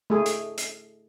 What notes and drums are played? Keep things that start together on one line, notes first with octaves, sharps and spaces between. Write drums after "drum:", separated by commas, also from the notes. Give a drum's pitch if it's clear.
A3 G#4
drum: hi-hat
drum: hi-hat